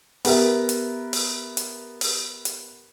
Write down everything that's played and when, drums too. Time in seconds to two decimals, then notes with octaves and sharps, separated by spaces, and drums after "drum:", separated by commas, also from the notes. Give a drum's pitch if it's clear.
0.25 B3 G4 A#4 E5, drum: open hi-hat
0.69 drum: hi-hat
1.13 drum: open hi-hat
1.57 drum: hi-hat
2.01 drum: open hi-hat
2.45 drum: hi-hat